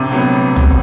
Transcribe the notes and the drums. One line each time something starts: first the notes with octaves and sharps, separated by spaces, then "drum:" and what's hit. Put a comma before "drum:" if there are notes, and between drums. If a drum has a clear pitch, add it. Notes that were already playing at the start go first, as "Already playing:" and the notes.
Already playing: A#1 C3
A2 F#3 B3
drum: tom